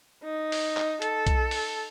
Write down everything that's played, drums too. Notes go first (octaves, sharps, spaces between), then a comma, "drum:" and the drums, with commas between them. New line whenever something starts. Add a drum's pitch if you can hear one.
D#4
drum: open hi-hat
drum: clap
A4, drum: hi-hat
drum: kick, hi-hat
drum: open hi-hat